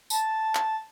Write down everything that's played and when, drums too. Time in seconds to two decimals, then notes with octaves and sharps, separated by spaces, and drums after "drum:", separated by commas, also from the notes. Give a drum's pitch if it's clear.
0.10 A5, drum: tambourine
0.55 drum: clap